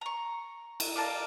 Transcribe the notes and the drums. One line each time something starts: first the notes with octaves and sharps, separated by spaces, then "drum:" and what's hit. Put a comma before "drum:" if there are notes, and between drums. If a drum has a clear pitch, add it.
A#5 C#6
drum: cymbal
D5 F5 A5 A#5